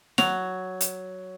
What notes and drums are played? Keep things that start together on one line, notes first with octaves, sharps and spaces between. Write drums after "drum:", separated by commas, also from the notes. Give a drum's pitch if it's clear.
F#3 F7, drum: snare
drum: hi-hat